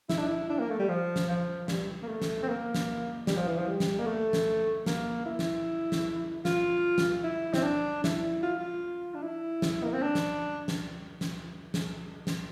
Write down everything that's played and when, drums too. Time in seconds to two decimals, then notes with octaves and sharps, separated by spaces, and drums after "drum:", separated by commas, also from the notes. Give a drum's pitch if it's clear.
0.09 E4, drum: snare
0.18 D4
0.27 E4
0.50 D4
0.60 A#3
0.70 A3
0.79 G3
0.89 F3
1.16 drum: snare
1.29 F3
1.68 G3, drum: snare
2.03 A#3
2.08 A3
2.22 drum: snare
2.43 C4
2.48 A#3
2.74 drum: snare
3.27 G3, drum: snare
3.37 F3
3.47 E3
3.58 F3
3.67 G3
3.80 drum: snare
3.99 A#3
4.06 A3
4.33 drum: snare
4.86 A#3, drum: snare
5.26 E4
5.39 drum: snare
5.92 drum: snare
6.45 F4, drum: snare
6.98 drum: snare
7.24 E4
7.54 C4, drum: snare
7.63 D4
8.04 E4, drum: snare
8.43 F4
8.60 F4
9.14 D4
9.22 E4
9.62 drum: snare
9.84 A#3
9.93 C4
10.03 D4
10.15 drum: snare
10.68 drum: snare
11.21 drum: snare
11.74 drum: snare
12.27 drum: snare